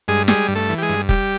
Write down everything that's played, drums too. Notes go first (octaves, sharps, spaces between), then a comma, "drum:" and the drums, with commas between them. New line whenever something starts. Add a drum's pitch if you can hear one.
G2 G#3 G#4
G3 G#3 G#4, drum: snare
G2
A3 A4
E3
G4
G#3 G#4
G2
G3 G4, drum: kick F1